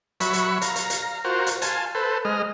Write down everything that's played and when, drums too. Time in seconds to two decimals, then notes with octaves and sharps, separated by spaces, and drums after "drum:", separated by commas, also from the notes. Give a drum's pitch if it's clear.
0.20 F#3 E5 B5 C#6, drum: hi-hat
0.33 drum: hi-hat
0.62 F5 A#5, drum: hi-hat
0.76 drum: hi-hat
0.90 drum: hi-hat
1.25 F4 F#4 A#4 C5
1.47 drum: hi-hat
1.62 F5 G#5 A5 C6, drum: hi-hat
1.95 A4 B4 C5
2.25 G#3 D#5 F6